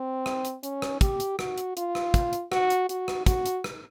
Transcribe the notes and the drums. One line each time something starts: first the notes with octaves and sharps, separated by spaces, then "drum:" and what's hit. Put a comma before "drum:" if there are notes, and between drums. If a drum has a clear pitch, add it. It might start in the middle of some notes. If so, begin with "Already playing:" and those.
Already playing: C4
drum: rim click
drum: hi-hat
C#4, drum: hi-hat
drum: rim click
G4, drum: kick, hi-hat
drum: hi-hat
F#4, drum: rim click
drum: hi-hat
F4, drum: hi-hat
drum: rim click
drum: kick, hi-hat
drum: hi-hat
F#4, drum: rim click
drum: hi-hat
F#4, drum: hi-hat
drum: rim click
F#4, drum: kick, hi-hat
drum: hi-hat
drum: rim click